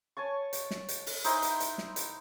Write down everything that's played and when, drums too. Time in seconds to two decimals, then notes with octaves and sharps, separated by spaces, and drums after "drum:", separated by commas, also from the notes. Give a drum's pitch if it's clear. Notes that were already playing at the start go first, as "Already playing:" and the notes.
0.17 C#5 G#5 A5 C#6
0.53 drum: hi-hat
0.71 drum: snare
0.88 drum: hi-hat
1.06 drum: open hi-hat
1.24 D#4 E4 C5 G#5, drum: hi-hat
1.42 drum: hi-hat
1.60 drum: hi-hat
1.78 drum: snare
1.96 drum: hi-hat